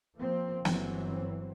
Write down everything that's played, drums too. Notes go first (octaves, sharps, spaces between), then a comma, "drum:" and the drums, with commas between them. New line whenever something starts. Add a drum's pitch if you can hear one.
F3 A#3 C4
G1 E3 F#3 C4, drum: snare